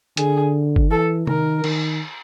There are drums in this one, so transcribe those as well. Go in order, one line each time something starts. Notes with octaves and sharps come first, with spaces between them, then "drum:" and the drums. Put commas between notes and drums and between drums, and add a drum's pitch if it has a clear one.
D3 G#4, drum: hi-hat
drum: kick F#1
E3 A4
D#3 A#4, drum: tom C3
D#3, drum: cymbal